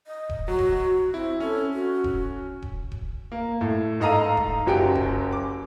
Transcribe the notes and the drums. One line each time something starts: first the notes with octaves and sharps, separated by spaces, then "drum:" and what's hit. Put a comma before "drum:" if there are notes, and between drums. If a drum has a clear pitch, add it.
D#5
drum: kick D#1
F#3 F#4
drum: kick D#1
C4 E4
C#4 A4
F#4
drum: kick D#1
drum: kick D#1
drum: kick D#1
A#3
A2
G#2 A4 D#5 F5 A#5 D#7
drum: kick D#1
F#1 F#2 F#3 G4 G#5 D7
drum: kick D#1
D6